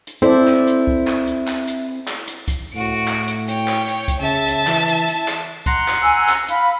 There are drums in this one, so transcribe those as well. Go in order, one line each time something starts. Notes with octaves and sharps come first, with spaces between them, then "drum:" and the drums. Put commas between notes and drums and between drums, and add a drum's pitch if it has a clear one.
drum: hi-hat
C4 E4 A4 C5 D5
drum: clap
drum: hi-hat
drum: kick C2
drum: clap
drum: hi-hat
drum: clap
drum: hi-hat
drum: clap
drum: hi-hat
drum: kick C2, hi-hat
A2 F#4 D7
drum: clap
drum: hi-hat
C#5 G5, drum: hi-hat
drum: clap
drum: hi-hat
drum: kick C2, hi-hat
C#3 E5 A5
drum: hi-hat
E3, drum: clap
drum: hi-hat
drum: hi-hat
drum: clap
F#5 A#5 C6, drum: kick C2, hi-hat
drum: clap
G#5 E6
drum: clap
F5 B5, drum: hi-hat